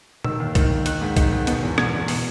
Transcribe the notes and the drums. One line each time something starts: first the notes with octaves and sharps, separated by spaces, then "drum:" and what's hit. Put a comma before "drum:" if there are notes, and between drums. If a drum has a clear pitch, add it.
D#3 E6, drum: tom A#2
D#2
D#3, drum: kick B1, hi-hat
D#2
D#3 F#6, drum: hi-hat
G#2
D#3, drum: kick B1, hi-hat
G#2
B2, drum: hi-hat
E2
B2 G#6, drum: rim click
E2
B2, drum: open hi-hat